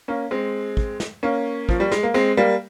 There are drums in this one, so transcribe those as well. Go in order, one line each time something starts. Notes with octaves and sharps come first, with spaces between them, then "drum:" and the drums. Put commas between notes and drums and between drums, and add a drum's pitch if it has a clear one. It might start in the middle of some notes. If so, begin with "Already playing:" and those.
A#3 C#4
G#3 C4
drum: kick
drum: snare
A#3 C#4
F3, drum: kick
G3
G#3, drum: snare
A#3
G#3 C4
G3 A#3